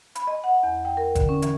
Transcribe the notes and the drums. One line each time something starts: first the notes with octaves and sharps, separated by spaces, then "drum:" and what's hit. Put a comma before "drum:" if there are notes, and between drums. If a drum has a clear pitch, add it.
B5, drum: hi-hat
D#5
F#5
E2
G5
A#4
D3, drum: kick, hi-hat
C#4
E3, drum: hi-hat